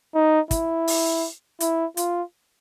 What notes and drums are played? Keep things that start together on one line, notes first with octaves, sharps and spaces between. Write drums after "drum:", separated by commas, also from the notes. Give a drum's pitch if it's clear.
D#4
E4, drum: kick, hi-hat
drum: open hi-hat
E4, drum: hi-hat
F4, drum: hi-hat